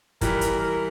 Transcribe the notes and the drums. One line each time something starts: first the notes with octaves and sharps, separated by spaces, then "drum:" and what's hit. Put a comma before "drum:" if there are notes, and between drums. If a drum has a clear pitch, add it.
E3 G3 A#4, drum: kick, hi-hat
drum: hi-hat
A#4